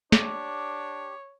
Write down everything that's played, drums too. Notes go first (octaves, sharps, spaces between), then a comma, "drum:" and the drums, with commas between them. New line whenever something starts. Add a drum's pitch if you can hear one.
D4 G4 C#5, drum: snare